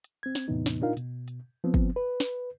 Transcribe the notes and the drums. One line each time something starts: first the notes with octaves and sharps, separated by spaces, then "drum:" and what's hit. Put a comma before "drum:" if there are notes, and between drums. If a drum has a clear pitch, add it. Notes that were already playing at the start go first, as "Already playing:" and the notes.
drum: hi-hat
C4 G#6
drum: snare
E2 A2 C3 E3 B3 D#4
drum: snare
A#2 D4 D#4 F4 A#4 F5
B2, drum: hi-hat
drum: hi-hat
F3 B3 C4
drum: kick
B4
drum: snare